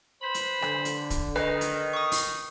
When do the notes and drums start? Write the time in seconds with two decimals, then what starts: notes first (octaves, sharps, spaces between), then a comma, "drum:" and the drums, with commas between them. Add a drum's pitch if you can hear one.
0.22 B4 C5 B5
0.34 drum: hi-hat
0.62 D3, drum: rim click
0.85 drum: hi-hat
1.10 drum: kick, hi-hat
1.36 D#3 B4 D#5, drum: rim click
1.61 drum: hi-hat
1.93 C#6 D#6
2.12 drum: open hi-hat